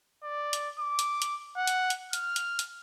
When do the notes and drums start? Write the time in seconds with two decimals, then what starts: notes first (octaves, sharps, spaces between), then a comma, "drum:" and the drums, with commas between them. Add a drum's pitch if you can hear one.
0.23 D5
0.53 drum: hi-hat
0.79 D6
0.99 drum: hi-hat
1.22 drum: hi-hat
1.57 F#5
1.67 drum: hi-hat
1.90 drum: hi-hat
2.13 F6, drum: hi-hat
2.36 drum: hi-hat
2.59 drum: hi-hat